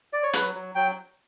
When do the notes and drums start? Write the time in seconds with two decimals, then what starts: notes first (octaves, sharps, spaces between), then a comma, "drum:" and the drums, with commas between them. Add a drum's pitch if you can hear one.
0.13 D5
0.23 C#5
0.33 F#3 B4, drum: hi-hat
0.55 F#3
0.75 F#3 G5